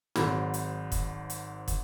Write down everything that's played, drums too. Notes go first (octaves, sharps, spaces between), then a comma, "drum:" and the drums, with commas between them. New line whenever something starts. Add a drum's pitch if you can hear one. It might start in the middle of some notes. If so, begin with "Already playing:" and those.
G#1 G#2 F#3 B5, drum: snare
drum: hi-hat
drum: kick, hi-hat
drum: hi-hat
drum: kick, hi-hat